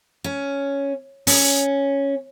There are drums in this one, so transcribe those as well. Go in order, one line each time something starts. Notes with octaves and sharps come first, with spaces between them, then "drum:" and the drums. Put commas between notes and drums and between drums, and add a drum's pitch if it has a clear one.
C#4
C#4, drum: open hi-hat